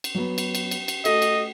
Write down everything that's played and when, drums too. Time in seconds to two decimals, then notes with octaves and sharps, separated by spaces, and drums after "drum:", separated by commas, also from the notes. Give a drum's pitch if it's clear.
0.04 drum: cymbal
0.15 F#3 B3
0.38 drum: cymbal
0.55 drum: cymbal
0.71 drum: cymbal
0.88 drum: cymbal
1.05 A3 F#4 A4 D#5, drum: cymbal
1.22 drum: cymbal